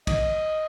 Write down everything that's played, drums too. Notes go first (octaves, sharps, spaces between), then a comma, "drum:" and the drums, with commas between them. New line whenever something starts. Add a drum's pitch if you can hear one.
D#5, drum: kick, cymbal